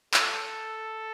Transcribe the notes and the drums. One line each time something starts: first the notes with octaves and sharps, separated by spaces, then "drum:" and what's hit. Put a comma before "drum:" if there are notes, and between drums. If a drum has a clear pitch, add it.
A4, drum: clap